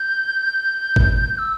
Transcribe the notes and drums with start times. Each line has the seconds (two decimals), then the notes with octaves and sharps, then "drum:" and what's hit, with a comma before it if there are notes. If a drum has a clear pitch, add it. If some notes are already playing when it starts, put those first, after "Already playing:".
Already playing: G6
0.96 drum: kick G#1
1.38 E6